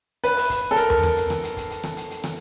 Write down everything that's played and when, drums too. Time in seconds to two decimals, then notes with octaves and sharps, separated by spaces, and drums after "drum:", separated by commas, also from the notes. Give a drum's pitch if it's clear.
0.24 B4, drum: hi-hat
0.36 drum: open hi-hat
0.50 drum: kick, hi-hat
0.71 A4
0.76 A#4, drum: hi-hat
0.90 drum: tom E2
1.03 drum: rim click
1.17 drum: hi-hat
1.30 drum: rim click
1.43 drum: hi-hat
1.57 drum: kick, hi-hat
1.70 drum: hi-hat
1.83 drum: rim click
1.97 drum: hi-hat
2.10 drum: hi-hat
2.24 drum: rim click